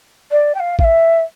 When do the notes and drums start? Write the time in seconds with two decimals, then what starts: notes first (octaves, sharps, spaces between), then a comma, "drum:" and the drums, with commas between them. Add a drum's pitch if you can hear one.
0.31 D5
0.55 G5
0.60 F5
0.79 F5, drum: kick A1
0.84 E5